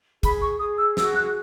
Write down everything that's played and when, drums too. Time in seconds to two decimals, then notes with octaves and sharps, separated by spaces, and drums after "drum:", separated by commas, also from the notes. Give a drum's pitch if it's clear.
0.23 G#4 B5, drum: kick G#1, hi-hat
0.42 C#6
0.59 G#4 D#6
0.78 E6
0.97 F#4 E6, drum: snare
1.15 F#6